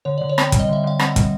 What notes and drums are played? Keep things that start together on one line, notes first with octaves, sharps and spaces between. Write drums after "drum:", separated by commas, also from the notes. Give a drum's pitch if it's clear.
D3 C#5
D3 D5
C#5
C4 G5, drum: rim click
G3, drum: kick, hi-hat
D#5
D3 E5
D3 F5
C4 F#5, drum: rim click
G3, drum: kick, hi-hat